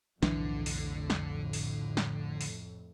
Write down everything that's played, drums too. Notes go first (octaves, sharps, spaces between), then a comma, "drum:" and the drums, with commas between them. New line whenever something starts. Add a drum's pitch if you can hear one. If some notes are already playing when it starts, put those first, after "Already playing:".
B1 F2 A2 D3 E3 D4, drum: snare
drum: open hi-hat
drum: snare
drum: open hi-hat
drum: snare
drum: open hi-hat